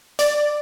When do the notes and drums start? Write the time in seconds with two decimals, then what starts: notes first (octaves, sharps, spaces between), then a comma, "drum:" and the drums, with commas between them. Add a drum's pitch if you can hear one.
0.19 D5, drum: hi-hat